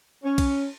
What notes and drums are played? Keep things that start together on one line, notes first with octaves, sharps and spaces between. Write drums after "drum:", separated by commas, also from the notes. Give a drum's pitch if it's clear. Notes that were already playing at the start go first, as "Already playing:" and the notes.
C#4
drum: kick B1, cymbal